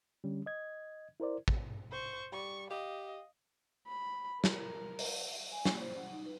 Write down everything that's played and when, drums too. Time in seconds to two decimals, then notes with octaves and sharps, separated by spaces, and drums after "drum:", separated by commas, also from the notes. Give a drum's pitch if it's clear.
0.24 D3 G3 C#4
0.46 D#5 G#6
1.20 E4 A#4 C5 D5
1.48 drum: kick
1.91 C5 C#6
2.32 G3 C#6
2.70 G4 D#5 F5
3.88 B5
4.44 A#4, drum: snare
4.99 drum: open hi-hat
5.52 G#5
5.65 A#3, drum: snare
5.79 C5
5.97 F#5
6.11 D#4
6.26 B4